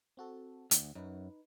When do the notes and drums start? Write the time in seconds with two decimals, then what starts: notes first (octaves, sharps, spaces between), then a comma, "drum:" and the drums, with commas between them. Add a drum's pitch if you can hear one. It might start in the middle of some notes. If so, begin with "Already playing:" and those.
0.17 C4 F#4 A4
0.71 D2, drum: hi-hat
0.95 F#2 D#4 B4